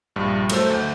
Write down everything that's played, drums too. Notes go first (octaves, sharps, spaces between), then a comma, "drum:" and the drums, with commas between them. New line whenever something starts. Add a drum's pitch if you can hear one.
A#1 G2 G3
F#3 A3 A4 C5, drum: cymbal
D2 G6